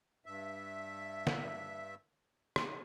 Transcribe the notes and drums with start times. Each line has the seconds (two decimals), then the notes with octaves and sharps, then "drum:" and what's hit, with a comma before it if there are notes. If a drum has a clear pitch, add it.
0.26 G2 E5
1.27 drum: snare
2.56 drum: rim click